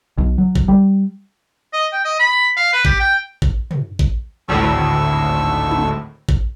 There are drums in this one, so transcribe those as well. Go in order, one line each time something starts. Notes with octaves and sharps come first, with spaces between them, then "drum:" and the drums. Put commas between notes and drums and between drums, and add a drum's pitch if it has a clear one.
B1
F#3
drum: kick G#1
G3
D#5
G5
D#5
B5
F5
B4
G4, drum: kick G#1
G5
drum: kick G#1
drum: tom
drum: kick G#1
G#1 D2 A2 A5 C#6 E6
drum: tom
drum: kick G#1